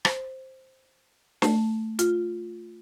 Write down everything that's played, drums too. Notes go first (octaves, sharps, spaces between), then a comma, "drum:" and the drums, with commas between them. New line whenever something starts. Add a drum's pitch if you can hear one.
C5, drum: rim click
A3, drum: snare
F4, drum: hi-hat